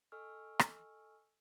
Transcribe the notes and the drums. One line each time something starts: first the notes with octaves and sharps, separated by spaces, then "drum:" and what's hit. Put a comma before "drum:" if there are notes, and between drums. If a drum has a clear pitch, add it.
A4 D#5 G#5 C#6 E6 F6
drum: rim click